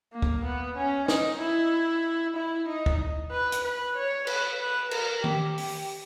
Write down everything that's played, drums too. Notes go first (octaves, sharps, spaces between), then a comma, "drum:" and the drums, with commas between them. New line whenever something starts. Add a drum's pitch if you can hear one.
A#3
drum: kick
B3
C#4
D#4, drum: snare
E4
E4
D#4
drum: kick
B4
drum: hi-hat
B4
C#5
B4, drum: cymbal
B4
A#4, drum: cymbal
G4, drum: tom D#3
drum: open hi-hat